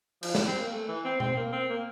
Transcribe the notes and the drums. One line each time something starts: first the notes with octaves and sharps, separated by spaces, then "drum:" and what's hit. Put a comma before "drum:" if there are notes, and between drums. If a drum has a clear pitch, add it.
F3, drum: cymbal
G3, drum: snare
C4
A#3
A3
E3
C4
C4, drum: tom B2
A#3
C4
A#3